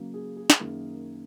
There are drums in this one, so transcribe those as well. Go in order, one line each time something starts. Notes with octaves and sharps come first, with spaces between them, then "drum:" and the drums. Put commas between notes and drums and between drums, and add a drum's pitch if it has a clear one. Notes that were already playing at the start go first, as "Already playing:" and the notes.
Already playing: C#3 F#3 A#3
G#4
G#4
drum: snare
F#2 D#3 A#3